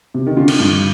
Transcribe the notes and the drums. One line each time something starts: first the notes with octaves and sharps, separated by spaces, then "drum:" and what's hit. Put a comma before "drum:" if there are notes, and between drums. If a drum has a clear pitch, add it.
C3
D#3
D3 F4
drum: cymbal
G2